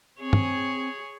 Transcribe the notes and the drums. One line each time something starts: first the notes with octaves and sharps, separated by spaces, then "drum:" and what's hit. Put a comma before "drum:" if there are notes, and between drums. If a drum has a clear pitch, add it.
C4 G#4 C#5
drum: tom